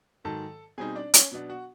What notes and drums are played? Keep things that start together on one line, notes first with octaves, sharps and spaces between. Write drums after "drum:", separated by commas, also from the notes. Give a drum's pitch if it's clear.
G#2 D#3 F#3 A4 A5
B2 G3 C4 D#4 G#4 G#5
D4 D5
C#4 C#5, drum: hi-hat
B2 F#3 B3 D4
F#4 F#5